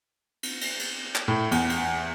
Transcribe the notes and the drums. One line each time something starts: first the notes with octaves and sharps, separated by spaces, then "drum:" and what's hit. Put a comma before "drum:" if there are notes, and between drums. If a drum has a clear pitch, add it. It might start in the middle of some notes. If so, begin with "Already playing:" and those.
drum: cymbal
drum: cymbal
drum: cymbal
drum: clap
A2
E2, drum: cymbal
drum: cymbal